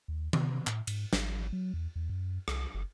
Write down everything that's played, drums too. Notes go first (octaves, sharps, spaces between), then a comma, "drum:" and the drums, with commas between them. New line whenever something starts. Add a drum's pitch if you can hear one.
D#2
C3, drum: tom D#3
A2, drum: clap
G#2, drum: cymbal
G#1, drum: snare
F#3
E2
E2
F#2
C2, drum: rim click
F#1